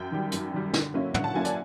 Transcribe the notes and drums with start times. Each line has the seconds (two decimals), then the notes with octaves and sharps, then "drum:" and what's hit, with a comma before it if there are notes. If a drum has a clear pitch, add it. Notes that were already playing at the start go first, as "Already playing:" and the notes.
Already playing: F#2 G5
0.11 D#3 G3
0.32 F#2, drum: hi-hat
0.53 D#3 G3
0.73 D3, drum: snare
0.94 F#3 A#3 C#4 E4
1.14 D3 F#5, drum: tom
1.24 A5
1.34 F#3 A#3 C#4 E4 G#5
1.45 D5, drum: hi-hat